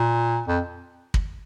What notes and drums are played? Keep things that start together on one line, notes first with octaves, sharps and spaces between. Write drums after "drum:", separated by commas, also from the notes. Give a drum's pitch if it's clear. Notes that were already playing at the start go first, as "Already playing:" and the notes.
Already playing: A#2
F2
drum: kick